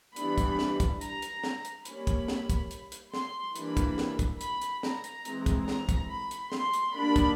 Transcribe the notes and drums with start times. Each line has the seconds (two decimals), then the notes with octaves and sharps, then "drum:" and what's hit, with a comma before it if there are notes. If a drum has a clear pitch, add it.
0.16 E3 G3 B3 D4 B5, drum: hi-hat
0.38 drum: kick, hi-hat
0.59 drum: snare
0.80 drum: kick, hi-hat
1.01 A#5, drum: hi-hat
1.22 drum: hi-hat
1.44 drum: snare
1.65 drum: hi-hat
1.85 G3 A#3 C#4 B5, drum: hi-hat
2.07 drum: kick, hi-hat
2.28 drum: snare
2.50 drum: kick, hi-hat
2.71 drum: hi-hat
2.92 drum: hi-hat
3.14 C6, drum: snare
3.56 E3 G3 A#3 D4 B5, drum: hi-hat
3.77 drum: kick, hi-hat
3.98 drum: snare
4.19 drum: kick, hi-hat
4.41 B5, drum: hi-hat
4.62 drum: hi-hat
4.83 A#5, drum: snare
5.04 drum: hi-hat
5.25 E3 G#3 C4, drum: hi-hat
5.46 drum: kick, hi-hat
5.68 A#5, drum: snare
5.89 drum: kick, hi-hat
6.10 B5
6.31 drum: hi-hat
6.52 C6, drum: snare
6.73 drum: hi-hat
6.94 D#3 G3 A#3 D4 B5
7.16 drum: kick, hi-hat